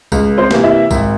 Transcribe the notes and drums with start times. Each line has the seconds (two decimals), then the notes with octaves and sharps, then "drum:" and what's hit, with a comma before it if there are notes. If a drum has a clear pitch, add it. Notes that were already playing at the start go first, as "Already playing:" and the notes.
0.12 C#2, drum: kick, tambourine
0.38 C4 C5
0.51 C3 E3 A#3, drum: snare
0.64 E4 E5
0.91 G#1, drum: kick, tambourine